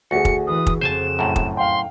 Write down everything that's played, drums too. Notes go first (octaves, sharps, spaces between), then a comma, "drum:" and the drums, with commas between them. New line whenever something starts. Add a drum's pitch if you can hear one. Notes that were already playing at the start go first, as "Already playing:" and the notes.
D2 F#4 G#4 C#7
drum: kick
E3 D#6
drum: kick
F2 C#3 C5 G#5 A5 E7
F#2 A2
drum: kick
F5 G5 C6